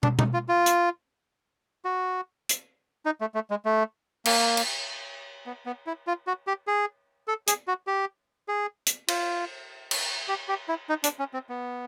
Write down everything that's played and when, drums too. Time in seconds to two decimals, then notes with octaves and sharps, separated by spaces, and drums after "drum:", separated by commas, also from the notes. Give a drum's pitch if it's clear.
0.03 D4, drum: tom
0.19 D#4, drum: tom
0.33 F4
0.49 F4
0.66 drum: hi-hat
1.85 F#4
2.49 drum: hi-hat
3.06 D#4
3.21 A3
3.35 A3
3.50 G#3
3.65 A3
4.26 A#3, drum: cymbal
4.57 drum: cymbal
5.46 B3
5.66 B3
5.87 E4
6.07 F4
6.27 F#4
6.47 G4
6.67 G#4
7.28 A4
7.47 G#4, drum: hi-hat
7.67 F#4
7.87 G4
8.48 G#4
8.87 drum: hi-hat
9.08 F4, drum: cymbal
9.91 drum: cymbal
10.28 G4
10.48 G4
10.68 E4
10.89 D#4
11.04 D4, drum: hi-hat
11.19 C#4
11.34 C4
11.49 B3